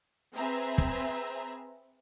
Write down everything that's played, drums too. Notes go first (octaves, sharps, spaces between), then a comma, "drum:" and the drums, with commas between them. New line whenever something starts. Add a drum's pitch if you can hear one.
C4 G#4 B4 E5 A#5
drum: kick